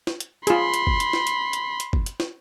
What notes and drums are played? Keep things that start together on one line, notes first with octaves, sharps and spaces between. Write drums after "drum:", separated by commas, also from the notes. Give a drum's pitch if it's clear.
drum: snare
drum: hi-hat
F4 G#4 B5 C6, drum: hi-hat
drum: hi-hat
drum: kick
drum: hi-hat
drum: snare
drum: hi-hat
drum: hi-hat
drum: hi-hat
drum: kick
drum: hi-hat
drum: snare